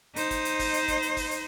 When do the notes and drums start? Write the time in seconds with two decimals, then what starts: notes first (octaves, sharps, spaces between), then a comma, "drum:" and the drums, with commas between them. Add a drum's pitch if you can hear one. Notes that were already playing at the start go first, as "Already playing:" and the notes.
0.16 D#4 C5, drum: hi-hat
0.31 drum: kick, hi-hat
0.45 drum: hi-hat
0.59 drum: kick, open hi-hat
0.74 drum: hi-hat
0.88 drum: kick, hi-hat
1.02 drum: hi-hat
1.17 drum: kick, open hi-hat
1.31 drum: hi-hat